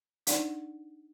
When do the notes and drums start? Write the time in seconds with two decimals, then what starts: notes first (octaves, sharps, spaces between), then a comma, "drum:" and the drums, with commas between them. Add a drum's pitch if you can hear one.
0.27 D4 D#4 D5 F#5, drum: hi-hat